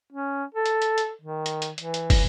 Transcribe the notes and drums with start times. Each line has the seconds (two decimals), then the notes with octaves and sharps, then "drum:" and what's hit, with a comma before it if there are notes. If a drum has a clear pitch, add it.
0.12 C#4
0.54 A4
0.66 drum: hi-hat
0.82 drum: hi-hat
0.98 drum: hi-hat
1.21 D#3
1.46 drum: hi-hat
1.62 drum: hi-hat
1.78 E3, drum: hi-hat
1.94 drum: hi-hat
2.10 drum: kick, open hi-hat